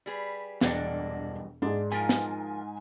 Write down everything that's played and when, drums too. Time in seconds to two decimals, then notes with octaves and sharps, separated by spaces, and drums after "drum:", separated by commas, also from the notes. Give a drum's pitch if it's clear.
0.06 G3 G#4 B4
0.61 E1 E2 G2 A#2 D4 D#5 F#5 G5, drum: snare
1.62 G#2 D4 G#4
1.92 F3 F4 A#4 G#5
2.09 drum: snare